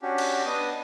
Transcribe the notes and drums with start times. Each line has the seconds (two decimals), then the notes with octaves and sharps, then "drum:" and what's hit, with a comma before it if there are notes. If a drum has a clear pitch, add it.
0.02 C#4 D4 F#4 G4
0.18 drum: cymbal
0.46 B3 D4 D#5 D#6